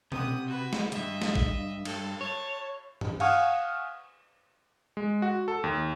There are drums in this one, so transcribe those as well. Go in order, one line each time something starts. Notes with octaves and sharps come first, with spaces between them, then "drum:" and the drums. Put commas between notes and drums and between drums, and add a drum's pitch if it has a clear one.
C3 F#5 D#6, drum: tom B2
F#4 B4
drum: snare
D2 G2 D#5 E5, drum: hi-hat
drum: snare
drum: kick
G2 A4, drum: cymbal
C#5 A5
drum: tom G2
F5 F#5 G#5 C#6 D#6 F6, drum: cymbal
G#3
F#4
A4
D#2